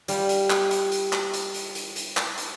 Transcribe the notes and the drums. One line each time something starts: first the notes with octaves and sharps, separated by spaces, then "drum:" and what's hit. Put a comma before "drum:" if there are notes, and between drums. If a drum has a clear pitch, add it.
G3 F4, drum: hi-hat
drum: hi-hat
drum: clap
drum: hi-hat
drum: hi-hat
drum: clap
drum: hi-hat
drum: hi-hat
drum: hi-hat
drum: hi-hat
drum: clap
drum: hi-hat